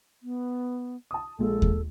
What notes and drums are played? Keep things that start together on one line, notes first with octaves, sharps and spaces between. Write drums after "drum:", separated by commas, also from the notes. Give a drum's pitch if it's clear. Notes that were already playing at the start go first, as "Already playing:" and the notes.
B3
A5 D#6
A#1 G#3 A#3 A4
drum: kick D#2